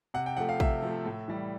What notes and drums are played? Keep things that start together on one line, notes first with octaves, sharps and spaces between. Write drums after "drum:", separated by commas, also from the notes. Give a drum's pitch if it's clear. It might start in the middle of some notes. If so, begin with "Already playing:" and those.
C3 F#5
G5
F3 A3 F#5
F5
C3 E5, drum: kick
F3 A3
A2
E3 G3